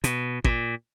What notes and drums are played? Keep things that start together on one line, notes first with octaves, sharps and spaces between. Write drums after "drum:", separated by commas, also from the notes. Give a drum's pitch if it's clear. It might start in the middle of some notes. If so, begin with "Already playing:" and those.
B2, drum: hi-hat
A#2, drum: kick G#1